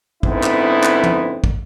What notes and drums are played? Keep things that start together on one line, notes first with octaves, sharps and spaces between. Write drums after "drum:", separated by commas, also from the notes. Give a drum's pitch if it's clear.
G#2 D3 B3 C4 E4, drum: kick
drum: clap
drum: clap
drum: tom
drum: kick